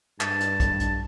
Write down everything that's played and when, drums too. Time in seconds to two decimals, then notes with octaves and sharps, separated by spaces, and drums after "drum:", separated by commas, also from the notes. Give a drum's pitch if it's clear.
0.21 G2 A5, drum: clap
0.40 drum: hi-hat
0.60 drum: kick B1, hi-hat
0.80 drum: hi-hat